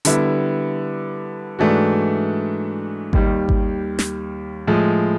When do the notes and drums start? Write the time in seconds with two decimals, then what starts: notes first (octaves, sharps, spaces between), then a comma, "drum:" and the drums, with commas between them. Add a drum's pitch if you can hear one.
0.05 D3 G3 B3 E4, drum: hi-hat
1.59 G#2 E3 A3 D4 F#4
3.13 D#2 D#3 G3, drum: kick G#1
3.49 drum: kick G#1
3.99 drum: snare
4.67 A2 F3 G#3